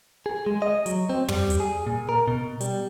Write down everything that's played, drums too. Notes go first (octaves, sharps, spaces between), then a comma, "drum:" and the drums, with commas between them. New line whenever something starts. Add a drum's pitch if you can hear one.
G#4
G#3
D#5
F#3, drum: hi-hat
C4
G3, drum: tom
drum: hi-hat
G#4
A#2
A#4
B2
G3, drum: hi-hat